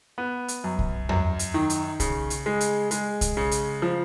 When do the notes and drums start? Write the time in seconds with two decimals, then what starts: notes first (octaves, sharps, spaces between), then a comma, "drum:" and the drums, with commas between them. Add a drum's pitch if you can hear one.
0.18 B3
0.48 drum: hi-hat
0.64 F#2
0.79 drum: kick
1.09 F#2, drum: tom E2
1.39 drum: hi-hat
1.54 D#3
1.70 drum: hi-hat
2.00 C#3, drum: kick, hi-hat
2.30 drum: hi-hat
2.46 G#3
2.61 drum: hi-hat
2.91 G#3, drum: hi-hat
3.21 drum: kick, hi-hat
3.37 C#3
3.51 drum: hi-hat
3.82 F3